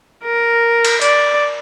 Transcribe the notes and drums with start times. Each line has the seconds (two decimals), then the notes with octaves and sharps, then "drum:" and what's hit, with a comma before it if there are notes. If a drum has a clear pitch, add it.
0.24 A#4
0.85 drum: cymbal
1.02 D5, drum: hi-hat